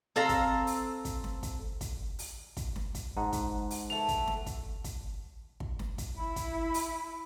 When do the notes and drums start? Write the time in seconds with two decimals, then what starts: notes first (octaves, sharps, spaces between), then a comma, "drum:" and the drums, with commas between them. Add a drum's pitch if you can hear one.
0.16 C4 A4 F5 A#5
0.29 drum: kick, hi-hat
0.67 drum: open hi-hat
1.05 drum: kick, hi-hat
1.24 drum: snare
1.43 drum: kick, hi-hat
1.81 drum: kick, hi-hat
2.19 drum: open hi-hat
2.57 drum: kick, hi-hat
2.76 drum: snare
2.95 drum: kick, hi-hat
3.17 G#2 F#5 A5 A#5
3.33 drum: kick, hi-hat
3.70 drum: open hi-hat
3.90 E3 A3 F7
4.08 drum: kick, hi-hat
4.27 drum: snare
4.46 drum: kick, hi-hat
4.84 drum: kick, hi-hat
5.60 drum: kick
5.79 drum: snare
5.98 drum: kick, hi-hat
6.17 E4 B5
6.36 drum: kick, hi-hat
6.74 drum: open hi-hat